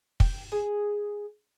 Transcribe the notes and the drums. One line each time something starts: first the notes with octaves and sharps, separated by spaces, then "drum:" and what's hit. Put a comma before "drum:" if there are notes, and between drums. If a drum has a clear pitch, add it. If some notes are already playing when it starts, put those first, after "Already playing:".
G5, drum: kick
G#4